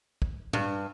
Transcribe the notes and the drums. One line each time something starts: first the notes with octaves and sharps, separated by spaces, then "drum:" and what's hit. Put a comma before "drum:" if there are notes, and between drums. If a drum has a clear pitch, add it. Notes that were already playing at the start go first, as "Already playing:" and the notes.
drum: kick
G2, drum: tom A2